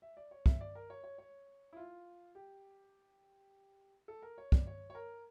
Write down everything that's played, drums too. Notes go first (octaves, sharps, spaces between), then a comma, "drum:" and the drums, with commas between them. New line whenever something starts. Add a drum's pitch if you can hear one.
E5
D5
C#5
E5, drum: kick
D5
A#4
C#5
C#5
C#5
E4
F4
G4
A4
A#4
C#5
D5, drum: kick
C#5
C#5
A#4